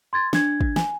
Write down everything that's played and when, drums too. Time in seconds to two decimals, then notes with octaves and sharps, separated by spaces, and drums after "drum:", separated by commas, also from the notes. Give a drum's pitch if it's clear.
0.13 C6 G#6 A6
0.33 D4 G#6, drum: snare
0.61 drum: kick
0.76 G#5, drum: snare